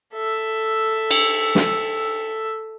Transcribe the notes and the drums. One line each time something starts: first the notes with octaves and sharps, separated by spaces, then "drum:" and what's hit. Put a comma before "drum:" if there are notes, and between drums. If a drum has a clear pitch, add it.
A4 E5
drum: cymbal
drum: snare